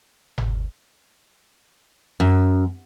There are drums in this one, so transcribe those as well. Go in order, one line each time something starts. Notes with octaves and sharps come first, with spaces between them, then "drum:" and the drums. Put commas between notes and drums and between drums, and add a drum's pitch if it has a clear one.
drum: tom G1
F#2